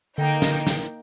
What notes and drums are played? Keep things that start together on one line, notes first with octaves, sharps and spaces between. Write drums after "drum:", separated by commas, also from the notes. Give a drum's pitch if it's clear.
D3 A#3 D#4 G5
drum: snare
drum: snare